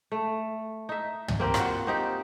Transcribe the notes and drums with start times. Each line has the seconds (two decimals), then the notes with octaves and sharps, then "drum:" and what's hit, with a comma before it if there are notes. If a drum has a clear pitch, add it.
0.12 A3
0.89 D#4 E5
1.28 drum: tom
1.40 A#3 C4 G4 A#4
1.54 F4 F#4, drum: rim click
1.87 C4 D#4 G4